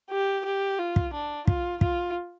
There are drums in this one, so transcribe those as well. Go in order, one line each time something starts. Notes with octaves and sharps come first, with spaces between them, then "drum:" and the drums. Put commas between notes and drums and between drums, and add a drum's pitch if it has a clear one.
G4
G4
F4
drum: kick
D4
F4, drum: kick
F4, drum: kick